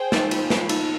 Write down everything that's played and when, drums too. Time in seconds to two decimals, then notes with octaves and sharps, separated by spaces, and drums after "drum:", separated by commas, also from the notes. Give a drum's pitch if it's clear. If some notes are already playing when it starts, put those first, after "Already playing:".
Already playing: G#4 C5 G5
0.12 D#4, drum: snare
0.31 F4, drum: cymbal
0.50 F4, drum: snare
0.69 D#4, drum: cymbal